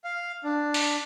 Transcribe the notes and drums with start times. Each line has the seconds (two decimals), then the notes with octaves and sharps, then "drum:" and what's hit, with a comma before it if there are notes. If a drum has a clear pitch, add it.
0.04 F5
0.44 D4
0.74 drum: open hi-hat